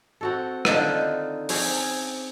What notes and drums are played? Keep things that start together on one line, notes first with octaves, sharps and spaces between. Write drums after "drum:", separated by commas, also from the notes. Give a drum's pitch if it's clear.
C4 F#4 A4
D3 D#3 D#4 F4, drum: rim click
C4 C#4 G#4, drum: open hi-hat